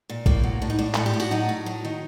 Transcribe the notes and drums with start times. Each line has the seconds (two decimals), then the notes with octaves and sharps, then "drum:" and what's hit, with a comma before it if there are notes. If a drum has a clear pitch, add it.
0.09 A#2
0.26 A2 A#3, drum: kick
0.43 F#3
0.62 A2 D4
0.70 D#4
0.79 A2 D4
0.94 A2 A4, drum: clap
1.06 G4
1.14 A2
1.20 F#4, drum: tambourine
1.31 F#3 D#4
1.49 A2
1.66 F#3
1.85 D#3